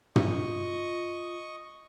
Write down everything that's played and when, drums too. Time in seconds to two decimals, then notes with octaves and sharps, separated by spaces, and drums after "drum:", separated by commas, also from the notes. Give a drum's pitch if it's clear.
0.16 F4 D#5 C#6, drum: tom